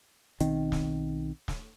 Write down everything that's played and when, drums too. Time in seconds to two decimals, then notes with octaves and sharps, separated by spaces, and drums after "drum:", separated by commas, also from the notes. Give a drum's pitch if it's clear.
0.40 B1 D#3 C4, drum: hi-hat
0.72 drum: snare
1.48 drum: snare